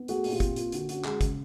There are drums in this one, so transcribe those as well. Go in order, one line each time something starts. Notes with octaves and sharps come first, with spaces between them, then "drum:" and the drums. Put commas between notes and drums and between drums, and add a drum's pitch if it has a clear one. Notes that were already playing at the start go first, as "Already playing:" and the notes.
Already playing: B3
A3 F#4 G#4, drum: hi-hat
A#2, drum: open hi-hat
F4 G4
C4, drum: kick, hi-hat
A#3 F4, drum: hi-hat
D3 F#4, drum: hi-hat
C#4 F#4, drum: hi-hat
G#3 F#4 G#4, drum: clap
C#3, drum: kick, hi-hat